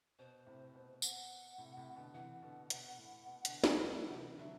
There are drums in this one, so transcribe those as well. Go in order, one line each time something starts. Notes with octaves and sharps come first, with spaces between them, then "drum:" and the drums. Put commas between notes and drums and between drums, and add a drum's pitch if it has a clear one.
B2 C5
A2 C3
B2
F#5, drum: tambourine
A2 C3
A2 C3
B2 D3
C3 E3 F#5
B2 D3
B2, drum: hi-hat
A2
B2
B2 D3, drum: hi-hat
D3 F#3, drum: snare
D3 F#3
C3 E3
D3 F#3 E5